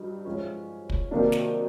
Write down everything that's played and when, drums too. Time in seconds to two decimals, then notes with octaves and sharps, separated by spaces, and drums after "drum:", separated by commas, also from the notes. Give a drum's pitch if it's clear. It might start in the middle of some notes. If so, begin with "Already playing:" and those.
Already playing: G2 F#3 D#4
0.25 F3 G#3 C#4
0.90 drum: kick
1.11 C3 D#3 F#3 A#3 D4
1.32 drum: snare